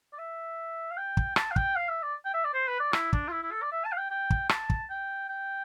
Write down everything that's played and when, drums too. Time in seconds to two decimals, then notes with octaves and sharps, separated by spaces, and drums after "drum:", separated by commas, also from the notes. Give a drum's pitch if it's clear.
0.13 D5
0.18 E5
0.91 F5
0.97 G5
1.17 drum: kick
1.36 A5, drum: rim click
1.51 F5
1.56 G5, drum: kick
1.76 F5
1.89 E5
2.02 D5
2.25 G5
2.34 E5
2.44 D5
2.54 C5
2.68 B4
2.80 D5
2.93 E4, drum: rim click
3.13 D4, drum: kick
3.28 F4
3.32 E4
3.42 E4
3.51 A4
3.62 D5
3.72 E5
3.85 A5
3.92 F5
3.98 G5
4.10 G5
4.30 drum: kick
4.49 A5, drum: rim click
4.70 drum: kick
4.90 G5
5.29 G5